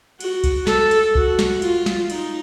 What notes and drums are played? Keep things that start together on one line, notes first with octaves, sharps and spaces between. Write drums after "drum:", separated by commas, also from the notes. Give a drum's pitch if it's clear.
F#4, drum: cymbal
drum: kick C2, cymbal
A4, drum: snare
drum: cymbal
F#4, drum: kick C2
drum: snare
F4, drum: cymbal
drum: snare
D#4, drum: cymbal